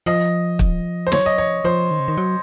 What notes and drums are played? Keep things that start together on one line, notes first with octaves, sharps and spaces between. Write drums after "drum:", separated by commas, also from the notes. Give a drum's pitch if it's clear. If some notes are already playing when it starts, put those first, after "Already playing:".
F3 D#5
drum: kick
C5
F#3 C#5, drum: snare
D#5
F3 C#5
F3 C5
D#3
C#3
D#3
F#3